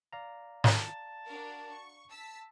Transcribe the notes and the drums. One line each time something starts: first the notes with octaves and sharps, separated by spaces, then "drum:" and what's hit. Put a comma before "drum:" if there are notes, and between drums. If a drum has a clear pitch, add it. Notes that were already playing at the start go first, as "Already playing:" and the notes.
D5 F5 A#5
A5, drum: snare
D4 F#4 A#4
C#6
A5 E6 B6